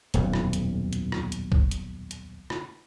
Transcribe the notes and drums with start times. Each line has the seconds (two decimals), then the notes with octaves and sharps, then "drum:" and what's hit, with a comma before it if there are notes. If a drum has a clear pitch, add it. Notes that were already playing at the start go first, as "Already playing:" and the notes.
0.14 D#1 B1 F2, drum: hi-hat
0.33 drum: rim click
0.53 drum: hi-hat
0.93 drum: hi-hat
1.12 drum: rim click
1.32 drum: hi-hat
1.52 drum: kick
1.71 drum: hi-hat
2.11 drum: hi-hat
2.50 drum: rim click